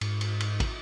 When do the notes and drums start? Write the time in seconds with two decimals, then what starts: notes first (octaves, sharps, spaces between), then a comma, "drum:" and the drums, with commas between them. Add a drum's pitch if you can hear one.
0.01 G#2, drum: cymbal
0.21 drum: cymbal
0.40 drum: cymbal
0.60 drum: kick, cymbal